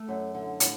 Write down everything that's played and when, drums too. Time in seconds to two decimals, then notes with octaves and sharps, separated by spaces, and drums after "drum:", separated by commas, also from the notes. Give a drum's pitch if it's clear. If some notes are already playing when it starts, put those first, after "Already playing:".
Already playing: A3
0.09 F#2
0.35 D3
0.60 A2, drum: hi-hat